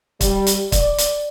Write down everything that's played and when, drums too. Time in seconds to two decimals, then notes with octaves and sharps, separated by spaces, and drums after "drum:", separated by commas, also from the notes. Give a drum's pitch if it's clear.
0.21 G3, drum: kick, hi-hat
0.47 drum: hi-hat
0.72 D5, drum: kick, hi-hat
0.98 drum: hi-hat